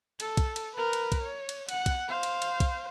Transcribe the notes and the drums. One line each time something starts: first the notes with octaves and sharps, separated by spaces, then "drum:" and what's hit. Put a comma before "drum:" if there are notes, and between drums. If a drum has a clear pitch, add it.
A4, drum: cymbal
drum: kick, cymbal
drum: cymbal
A#4 B4
drum: cymbal
drum: kick, cymbal
C#5
drum: cymbal
F#5, drum: cymbal
drum: kick, cymbal
C5 F5
drum: cymbal
drum: cymbal
drum: kick, cymbal